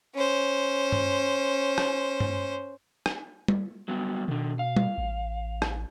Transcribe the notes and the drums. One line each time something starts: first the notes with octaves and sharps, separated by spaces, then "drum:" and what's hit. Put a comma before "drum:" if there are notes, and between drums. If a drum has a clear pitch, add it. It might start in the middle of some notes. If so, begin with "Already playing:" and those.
C#4 C5
drum: tom G2
drum: rim click
drum: tom G2
drum: rim click
drum: tom G3
F#3 G3 B3
B2 D#3 D4
F5
drum: tom G3
A1
drum: rim click